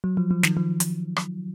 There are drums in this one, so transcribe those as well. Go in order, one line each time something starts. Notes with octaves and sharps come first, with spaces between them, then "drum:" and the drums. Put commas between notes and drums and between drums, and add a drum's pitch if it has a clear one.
F#3
F3
F3
D#3, drum: snare
F3
drum: hi-hat
drum: rim click